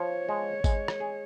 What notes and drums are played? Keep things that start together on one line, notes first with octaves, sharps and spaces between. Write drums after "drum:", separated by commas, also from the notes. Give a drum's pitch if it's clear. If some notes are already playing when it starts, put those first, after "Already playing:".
Already playing: F3 C#5
G#3
G#3, drum: kick G#1, tambourine
drum: rim click
G#4